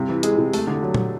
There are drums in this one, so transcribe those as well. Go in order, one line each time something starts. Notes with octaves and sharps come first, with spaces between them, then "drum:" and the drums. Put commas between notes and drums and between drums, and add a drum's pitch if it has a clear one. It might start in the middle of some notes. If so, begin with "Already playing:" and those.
Already playing: G2 C3
E3
G#3 G#4, drum: hi-hat
C3
A3, drum: open hi-hat
D3
F#3
drum: tom A#2